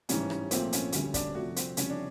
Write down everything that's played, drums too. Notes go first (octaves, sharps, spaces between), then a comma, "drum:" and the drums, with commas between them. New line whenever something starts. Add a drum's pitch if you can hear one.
A1 G#2 E3 G3 C#4, drum: hi-hat
drum: rim click
A#1 A#2 F3 A3 C4, drum: hi-hat
C#4, drum: hi-hat
D2 D3 G3 C#4, drum: hi-hat
D4, drum: kick, hi-hat
F2 C3 F3 A3 F#4
C4, drum: hi-hat
F2 C#3 E3 G3 C#4, drum: hi-hat
D4